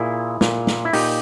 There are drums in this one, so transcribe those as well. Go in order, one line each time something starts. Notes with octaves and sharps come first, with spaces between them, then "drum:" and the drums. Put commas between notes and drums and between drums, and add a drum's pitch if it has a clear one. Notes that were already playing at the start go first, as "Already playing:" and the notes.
Already playing: A#2 E4 G#4
A#2, drum: snare
drum: snare
E4
A#2 D#4 G4, drum: open hi-hat